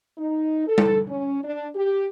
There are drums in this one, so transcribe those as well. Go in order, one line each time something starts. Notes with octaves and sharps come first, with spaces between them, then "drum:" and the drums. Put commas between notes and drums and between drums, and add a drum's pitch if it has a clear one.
D#4
A4
drum: tom G3
C#4
D4
G4